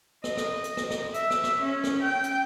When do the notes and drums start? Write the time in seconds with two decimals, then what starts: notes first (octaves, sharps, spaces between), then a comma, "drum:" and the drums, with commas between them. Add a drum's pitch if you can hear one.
0.24 D#5, drum: rim click
0.37 drum: rim click
0.64 drum: hi-hat
0.77 drum: rim click
0.90 drum: rim click
1.14 E5, drum: hi-hat
1.30 drum: rim click
1.44 drum: rim click
1.62 C#4
1.84 drum: rim click
2.03 G5
2.24 drum: hi-hat